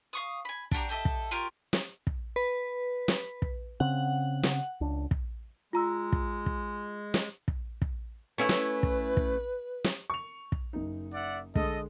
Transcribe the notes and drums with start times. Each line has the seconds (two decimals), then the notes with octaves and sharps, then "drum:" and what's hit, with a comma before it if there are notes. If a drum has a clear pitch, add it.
0.13 F5 C#6 D#6
0.45 G#5 B5
0.71 D4 F#4 G4 A#5, drum: kick
0.89 G4 A4 D#5 E5
1.05 drum: kick
1.31 F4 G4 A#4 C#5
1.73 drum: snare
2.07 drum: kick
2.36 B4
3.08 drum: snare
3.42 drum: kick
3.80 C#3 C4 F#5
4.43 drum: snare
4.81 C#2 D4
5.11 drum: kick
5.73 G#3 F4 A#5 E6
6.12 drum: kick
6.46 drum: kick
7.14 drum: snare
7.48 drum: kick
7.82 drum: kick
8.38 A3 C#4 E4 B4
8.49 drum: snare
8.83 drum: kick
9.17 drum: kick
9.84 drum: snare
10.10 C#6 F7
10.52 drum: kick
10.73 F#1 D#4
11.13 D5 E5 F#5
11.55 D3 G#3 A4 D#5, drum: kick